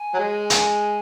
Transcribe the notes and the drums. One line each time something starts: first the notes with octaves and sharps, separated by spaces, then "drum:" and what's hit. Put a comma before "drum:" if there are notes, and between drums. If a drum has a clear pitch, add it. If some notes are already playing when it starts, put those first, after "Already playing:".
Already playing: G#5
F#3
G#3
drum: hi-hat